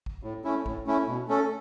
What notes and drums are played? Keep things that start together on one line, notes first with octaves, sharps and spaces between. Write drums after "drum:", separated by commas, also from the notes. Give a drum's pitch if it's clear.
drum: kick A1
A2
A3 C#4 E4
A2, drum: kick A1
A3 C#4 E4
B2
A3 C#4 A4